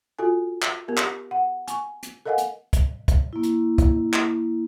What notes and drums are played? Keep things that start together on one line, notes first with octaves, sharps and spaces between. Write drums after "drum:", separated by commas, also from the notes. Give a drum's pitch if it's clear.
F4 F#4 A4 G#5
drum: clap
B3 G4 A#4
drum: clap
F#5
G#5 C#6, drum: hi-hat
drum: hi-hat
A4 A#4 D#5 F5 F#5 G#5
drum: hi-hat
drum: kick, hi-hat
drum: kick, hi-hat
A#3 E4
drum: hi-hat
drum: kick, hi-hat
drum: clap